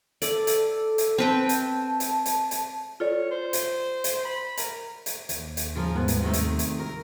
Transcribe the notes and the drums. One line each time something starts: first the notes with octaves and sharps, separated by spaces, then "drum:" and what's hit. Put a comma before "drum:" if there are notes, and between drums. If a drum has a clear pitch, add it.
A4 D5, drum: hi-hat
drum: hi-hat
drum: hi-hat
C4 B4 G5 A5
drum: hi-hat
drum: hi-hat
drum: hi-hat
drum: hi-hat
F4 A4 C#5 D5
C5
drum: hi-hat
drum: hi-hat
B5
A#4, drum: hi-hat
drum: hi-hat
D#2, drum: hi-hat
drum: hi-hat
C#3 F3 A#4
G#2 B3
drum: hi-hat
C3 D#3 A3
drum: hi-hat
drum: hi-hat
A#4